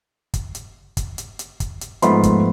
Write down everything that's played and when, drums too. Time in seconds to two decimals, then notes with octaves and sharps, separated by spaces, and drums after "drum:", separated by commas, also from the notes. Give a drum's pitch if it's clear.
0.34 drum: kick, hi-hat
0.55 drum: hi-hat
0.97 drum: kick, hi-hat
1.18 drum: hi-hat
1.39 drum: hi-hat
1.60 drum: kick, hi-hat
1.81 drum: hi-hat
2.02 G#2 F3 A3 B3 B5 C6, drum: hi-hat
2.23 drum: kick, hi-hat